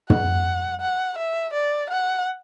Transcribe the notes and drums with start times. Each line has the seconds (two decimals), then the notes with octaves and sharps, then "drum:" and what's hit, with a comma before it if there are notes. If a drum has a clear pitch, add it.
0.10 F#5, drum: tom
0.81 F#5
1.18 E5
1.54 D5
1.90 F#5